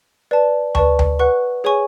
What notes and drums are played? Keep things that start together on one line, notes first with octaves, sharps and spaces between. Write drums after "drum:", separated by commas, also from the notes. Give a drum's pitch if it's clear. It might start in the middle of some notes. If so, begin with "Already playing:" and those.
B4 D5 A5
B4 D5 A5 C#6, drum: tom D2
drum: tom D2
B4 F#5 C#6 F#6
G#4 C#5 G#5 C#6